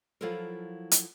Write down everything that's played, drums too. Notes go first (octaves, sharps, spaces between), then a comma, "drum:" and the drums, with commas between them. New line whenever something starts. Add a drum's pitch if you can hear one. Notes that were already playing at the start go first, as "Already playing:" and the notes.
F3 F#3 E4 F4 A4 A#4
drum: hi-hat